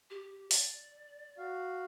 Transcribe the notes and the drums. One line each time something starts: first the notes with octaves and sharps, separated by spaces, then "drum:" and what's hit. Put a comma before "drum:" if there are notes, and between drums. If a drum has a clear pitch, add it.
G4
D5, drum: open hi-hat
F#4 F5